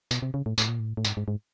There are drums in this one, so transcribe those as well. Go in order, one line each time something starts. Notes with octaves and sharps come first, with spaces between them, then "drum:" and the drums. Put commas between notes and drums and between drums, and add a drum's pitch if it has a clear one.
B2, drum: tambourine
C3
C#3
A2
A2, drum: tambourine
A#2
A2
A2
G#2, drum: tambourine
G#2
G#2